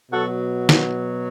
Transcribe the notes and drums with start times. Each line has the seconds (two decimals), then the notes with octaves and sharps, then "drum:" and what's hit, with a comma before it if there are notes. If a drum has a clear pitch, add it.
0.11 B2 F#3 F#4 A4
0.69 drum: snare